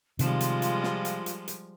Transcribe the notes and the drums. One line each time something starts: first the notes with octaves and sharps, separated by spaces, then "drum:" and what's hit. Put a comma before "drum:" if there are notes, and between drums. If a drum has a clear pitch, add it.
C3 D#3 F3 G3 G#3 F4, drum: hi-hat
drum: hi-hat
drum: hi-hat
drum: snare
drum: hi-hat
drum: hi-hat
drum: hi-hat